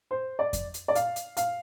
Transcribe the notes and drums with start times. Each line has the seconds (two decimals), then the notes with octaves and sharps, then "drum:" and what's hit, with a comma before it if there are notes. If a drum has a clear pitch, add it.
0.11 C5
0.39 D5
0.53 drum: kick F2, hi-hat
0.74 drum: hi-hat
0.88 D5
0.95 F5, drum: hi-hat
1.16 drum: hi-hat
1.37 F5, drum: hi-hat